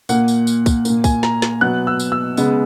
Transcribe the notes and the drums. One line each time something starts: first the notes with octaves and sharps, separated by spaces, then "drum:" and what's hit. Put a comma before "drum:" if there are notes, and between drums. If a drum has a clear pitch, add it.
A#2 A#3 F#5, drum: tambourine
drum: tambourine
drum: tambourine
drum: kick, tambourine
A#2 A#3, drum: tambourine
G#5, drum: kick, tambourine
A#5, drum: snare
drum: snare
B2 F#3 B3 F#6
E6
drum: tambourine
E6
C#3 G#3 B3, drum: tambourine